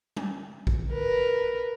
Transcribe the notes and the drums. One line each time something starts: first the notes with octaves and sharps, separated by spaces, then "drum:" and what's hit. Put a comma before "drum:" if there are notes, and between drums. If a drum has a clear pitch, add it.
drum: tom G3
drum: kick A#1
A#4 B4